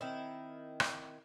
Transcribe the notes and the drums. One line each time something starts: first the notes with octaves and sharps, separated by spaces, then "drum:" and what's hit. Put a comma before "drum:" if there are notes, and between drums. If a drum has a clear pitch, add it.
D#3 C4 E4 D#5
drum: rim click